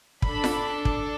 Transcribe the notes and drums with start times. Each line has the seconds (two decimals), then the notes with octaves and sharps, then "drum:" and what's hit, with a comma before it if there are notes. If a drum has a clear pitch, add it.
0.22 D4 A4 B5, drum: kick
0.44 drum: snare F4
0.85 drum: kick